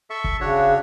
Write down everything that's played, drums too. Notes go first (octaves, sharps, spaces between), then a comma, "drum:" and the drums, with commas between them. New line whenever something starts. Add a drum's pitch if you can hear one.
A4 E5 C#6
drum: kick
C#3 D4 F#4 C#5